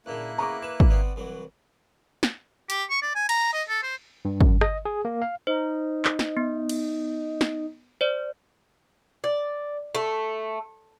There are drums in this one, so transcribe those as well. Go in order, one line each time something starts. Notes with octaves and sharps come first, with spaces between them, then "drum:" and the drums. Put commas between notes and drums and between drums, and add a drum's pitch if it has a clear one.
C#2 A#2 D3 A#3 E4 F#6
C#3 B3 A#5 C#6 D6
B4 E7
drum: kick
G3 B3 C4
C2 E3 F#3
drum: snare
G4, drum: hi-hat
C#6
D5
G#5
A#5, drum: cymbal
D#5
A4
C5
G2
F#2, drum: kick
D#5, drum: rim click
G#4
A#3
F5
D#4 C5
drum: clap
drum: snare
B3
drum: cymbal
drum: snare
C5 D5
D5
A3